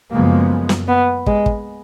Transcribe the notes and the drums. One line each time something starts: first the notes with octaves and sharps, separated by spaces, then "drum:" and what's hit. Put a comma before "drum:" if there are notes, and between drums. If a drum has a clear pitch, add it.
F#2 C#3 F3 G#3 A#3 B3
drum: snare
B3
G#3, drum: kick
drum: kick